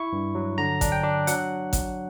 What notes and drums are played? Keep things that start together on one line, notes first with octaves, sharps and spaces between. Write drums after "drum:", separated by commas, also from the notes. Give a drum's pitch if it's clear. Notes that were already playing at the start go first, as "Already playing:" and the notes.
Already playing: E4 C#6
G2
F#3
D3 A#5
D4, drum: kick G#1, hi-hat
G5
D4
F#3 F#5, drum: hi-hat
drum: kick G#1, hi-hat